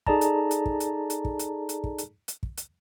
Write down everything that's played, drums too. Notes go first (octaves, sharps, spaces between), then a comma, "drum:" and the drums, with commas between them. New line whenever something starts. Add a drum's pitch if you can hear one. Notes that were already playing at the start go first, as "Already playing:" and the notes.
D#4 G#4 A4 D5 A5 A#5, drum: kick
drum: hi-hat
drum: hi-hat
drum: kick
drum: hi-hat
drum: hi-hat
drum: kick
drum: hi-hat
drum: hi-hat
drum: kick
drum: hi-hat
drum: hi-hat
drum: kick
drum: hi-hat